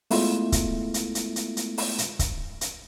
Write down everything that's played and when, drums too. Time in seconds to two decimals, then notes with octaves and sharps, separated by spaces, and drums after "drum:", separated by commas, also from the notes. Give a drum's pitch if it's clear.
0.11 G#3 A3 B3 E4 F4, drum: open hi-hat
0.52 drum: kick C#1, hi-hat
0.94 drum: hi-hat
1.15 drum: hi-hat
1.36 drum: hi-hat
1.57 drum: hi-hat
1.78 drum: open hi-hat
1.98 drum: hi-hat
2.19 drum: kick C#1, hi-hat
2.61 drum: hi-hat